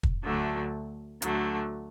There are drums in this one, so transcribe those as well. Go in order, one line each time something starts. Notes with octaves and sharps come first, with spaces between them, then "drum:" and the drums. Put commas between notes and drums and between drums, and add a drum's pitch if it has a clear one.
drum: kick
D2 D3 F#3 A3
D2 D3 F#3 A3, drum: hi-hat